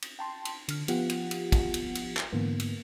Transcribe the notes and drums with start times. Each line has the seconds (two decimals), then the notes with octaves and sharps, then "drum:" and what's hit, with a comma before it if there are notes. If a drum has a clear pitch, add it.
0.02 drum: cymbal
0.19 G5 A5 C6
0.45 drum: cymbal
0.68 D3 F6, drum: cymbal
0.88 F3 B3 F4 G4 F#5, drum: cymbal
1.09 drum: cymbal
1.31 drum: cymbal
1.52 drum: kick, cymbal
1.74 drum: cymbal
1.95 drum: cymbal
2.17 drum: clap
2.32 G#2 D3 E3 A#3 B3
2.60 drum: cymbal